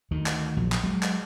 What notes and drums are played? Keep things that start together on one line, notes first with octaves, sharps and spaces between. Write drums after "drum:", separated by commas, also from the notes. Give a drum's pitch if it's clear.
D2 D#3
drum: clap
A#1 F3 F#3
drum: clap
F#3 G#3
drum: clap